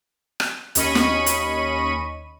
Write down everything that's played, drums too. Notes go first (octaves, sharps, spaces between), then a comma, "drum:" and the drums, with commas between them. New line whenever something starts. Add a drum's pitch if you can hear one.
drum: rim click
D#2 C#4 D#5 B5 C#6 D#7, drum: hi-hat
drum: snare
drum: hi-hat